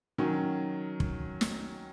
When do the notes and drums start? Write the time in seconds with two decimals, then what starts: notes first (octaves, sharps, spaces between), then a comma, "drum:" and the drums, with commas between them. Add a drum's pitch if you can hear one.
0.18 D#3 F#3 C#4
1.00 drum: kick
1.41 drum: snare